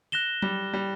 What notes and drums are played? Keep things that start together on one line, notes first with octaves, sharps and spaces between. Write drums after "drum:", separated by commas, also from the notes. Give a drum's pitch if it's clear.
F#6 A#6 E7 G7
G3, drum: tom F#3
G3